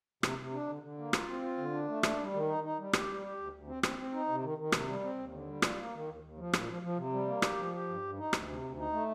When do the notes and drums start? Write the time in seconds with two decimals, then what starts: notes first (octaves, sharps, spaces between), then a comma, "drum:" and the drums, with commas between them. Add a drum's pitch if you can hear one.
0.23 C3, drum: rim click
0.38 C3
0.53 D4
0.68 D3
0.83 D3
0.98 A#3
1.13 F4, drum: rim click
1.28 C4
1.42 F4
1.58 D3
1.72 D4
1.88 A3
2.03 D4, drum: rim click
2.19 G3
2.33 D#3
2.48 D#4
2.64 D#4
2.79 G3
2.93 G4, drum: rim click
3.08 G3
3.23 G4
3.38 D2
3.53 D2
3.67 C4
3.83 C4, drum: rim click
3.98 C4
4.13 D#4
4.29 C3
4.43 D#3
4.58 D#3
4.72 C3, drum: rim click
4.88 G3
5.02 C4
5.18 D#2
5.33 D3
5.48 G3
5.62 F4, drum: rim click
5.78 A#3
5.93 D#3
6.08 D#2
6.23 D#2
6.37 F3
6.53 A#2, drum: rim click
6.68 F3
6.82 F3
6.97 C3
7.13 G3
7.27 A#3
7.42 G4, drum: rim click
7.58 F3
7.73 G4
7.88 G2
8.02 G2
8.18 D#4
8.33 D2, drum: rim click
8.48 C3
8.63 D2
8.78 D#4
8.92 A3